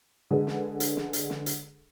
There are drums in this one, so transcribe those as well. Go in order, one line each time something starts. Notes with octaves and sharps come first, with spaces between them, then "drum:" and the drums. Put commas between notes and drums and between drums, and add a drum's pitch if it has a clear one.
D3 G#3 D4 G#4 A4 B4
drum: snare
drum: hi-hat
drum: snare
drum: hi-hat
drum: snare
drum: hi-hat